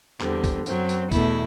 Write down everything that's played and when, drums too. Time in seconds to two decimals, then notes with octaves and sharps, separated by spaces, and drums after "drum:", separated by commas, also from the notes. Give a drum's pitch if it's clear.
0.21 E2 D3 G3 C4, drum: clap
0.44 drum: kick, tambourine
0.66 F#2 F#3 C4, drum: tambourine
0.89 drum: tambourine
1.11 E2 B2 A3 E4, drum: kick, tambourine